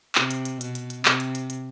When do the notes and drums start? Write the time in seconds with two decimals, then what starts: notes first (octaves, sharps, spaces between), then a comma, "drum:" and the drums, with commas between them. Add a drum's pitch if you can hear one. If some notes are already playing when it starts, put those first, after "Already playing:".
0.15 C3, drum: clap
0.30 drum: hi-hat
0.45 drum: hi-hat
0.61 B2, drum: hi-hat
0.75 drum: hi-hat
0.90 drum: hi-hat
1.05 C3, drum: clap
1.20 drum: hi-hat
1.35 drum: hi-hat
1.50 drum: hi-hat